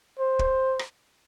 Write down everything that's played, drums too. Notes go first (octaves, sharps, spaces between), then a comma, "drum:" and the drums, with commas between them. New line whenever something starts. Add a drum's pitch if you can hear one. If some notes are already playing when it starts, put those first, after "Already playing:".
C5
drum: kick
drum: rim click